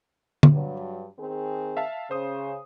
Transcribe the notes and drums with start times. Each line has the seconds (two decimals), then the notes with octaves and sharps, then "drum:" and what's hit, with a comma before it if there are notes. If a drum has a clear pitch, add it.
0.43 drum: tom D3
0.53 G2 F#3
1.19 D#3 C4 G#4
1.77 E5 F5 A5
2.11 C#3 C5 D#6